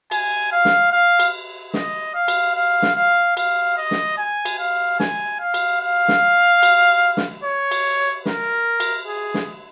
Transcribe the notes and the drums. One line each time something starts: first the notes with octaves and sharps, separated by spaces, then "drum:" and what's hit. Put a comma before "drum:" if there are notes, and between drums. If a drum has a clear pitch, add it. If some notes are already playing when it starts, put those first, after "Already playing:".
G#5, drum: cymbal
F5
drum: snare
F5
drum: cymbal
D#5, drum: snare
F5
drum: cymbal
F5
drum: snare
F5
F5, drum: cymbal
D#5
drum: snare
G#5
drum: cymbal
F5
G#5, drum: snare
F5
drum: cymbal
F5
drum: snare
drum: cymbal
drum: snare
C#5
drum: cymbal
A#4, drum: snare
drum: cymbal
G#4
drum: snare